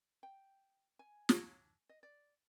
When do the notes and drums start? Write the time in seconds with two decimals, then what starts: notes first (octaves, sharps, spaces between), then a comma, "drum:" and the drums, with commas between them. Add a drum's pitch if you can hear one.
0.23 G5
0.99 G#5
1.29 drum: snare
1.89 D#5
2.03 D5